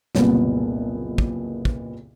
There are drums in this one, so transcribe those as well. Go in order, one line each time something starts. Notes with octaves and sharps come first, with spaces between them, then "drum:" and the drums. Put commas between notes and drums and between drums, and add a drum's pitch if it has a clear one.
F#1 C2 A#2 B3, drum: snare
drum: kick
drum: kick